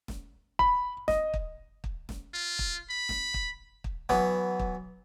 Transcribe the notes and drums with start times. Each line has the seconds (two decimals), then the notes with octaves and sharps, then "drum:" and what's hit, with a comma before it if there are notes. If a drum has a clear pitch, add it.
0.08 drum: snare
0.59 B5, drum: kick
1.08 D#5, drum: snare
1.34 drum: kick
1.84 drum: kick
2.09 drum: snare
2.34 F4
2.59 drum: kick
2.90 B5
3.09 drum: snare
3.34 drum: kick
3.84 drum: kick
4.09 E3 F#3 B3, drum: snare
4.59 drum: kick